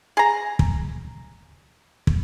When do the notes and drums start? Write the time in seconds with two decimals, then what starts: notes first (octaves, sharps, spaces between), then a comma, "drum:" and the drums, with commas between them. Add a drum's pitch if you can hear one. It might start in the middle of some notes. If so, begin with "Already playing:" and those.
0.17 G#4 A#5
0.59 drum: kick
2.07 drum: kick